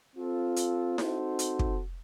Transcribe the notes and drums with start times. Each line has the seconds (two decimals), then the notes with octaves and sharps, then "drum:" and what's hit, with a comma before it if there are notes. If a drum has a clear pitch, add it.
0.15 C4 F4 A4
0.56 drum: hi-hat
0.98 C4 D#4 F#4 A4 C5, drum: snare E4
1.39 drum: hi-hat
1.59 drum: kick